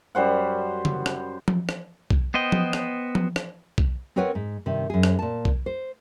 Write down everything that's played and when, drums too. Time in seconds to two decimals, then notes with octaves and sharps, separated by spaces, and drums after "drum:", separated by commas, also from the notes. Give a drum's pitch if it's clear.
0.15 F#2 G3 C5 F#5
0.85 drum: tom C#3
1.06 drum: rim click
1.48 drum: tom F3
1.69 drum: rim click
2.11 drum: kick B1
2.34 B3 C5 D#5 G5
2.52 drum: tom F3
2.73 drum: rim click
3.15 drum: tom F3
3.36 drum: rim click
3.78 drum: kick B1
4.16 C4 A#4 B4 C#5 F#5 G#5
4.35 G#2
4.66 G2 C3 D#3
4.90 F#2 G#4
5.03 drum: rim click
5.19 A#2 A5
5.45 drum: kick B1
5.66 C5